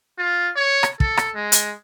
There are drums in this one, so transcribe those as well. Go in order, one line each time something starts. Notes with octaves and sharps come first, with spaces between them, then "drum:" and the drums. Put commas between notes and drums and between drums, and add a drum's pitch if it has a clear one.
F4
C#5
drum: rim click
A4, drum: kick
drum: rim click
G#3
drum: hi-hat